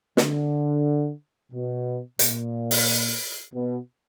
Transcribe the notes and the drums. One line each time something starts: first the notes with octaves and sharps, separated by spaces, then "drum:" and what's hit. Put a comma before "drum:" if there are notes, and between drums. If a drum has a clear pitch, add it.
D3, drum: snare
B2
A#2, drum: hi-hat
drum: open hi-hat
B2